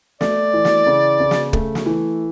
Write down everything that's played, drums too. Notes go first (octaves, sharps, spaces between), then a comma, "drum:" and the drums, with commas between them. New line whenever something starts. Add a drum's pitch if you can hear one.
A3 D5, drum: snare
E3
drum: snare
C#3
C#3
drum: snare
A3, drum: kick
drum: snare
E3